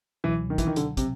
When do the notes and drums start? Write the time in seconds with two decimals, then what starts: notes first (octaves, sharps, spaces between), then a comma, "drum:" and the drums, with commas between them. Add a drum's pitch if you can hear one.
0.24 C#2 B2 E3 F#3
0.50 D#3
0.58 E3, drum: kick, hi-hat
0.67 D#3
0.76 C#2 B2 D3 F#3, drum: hi-hat
0.97 C3, drum: kick, hi-hat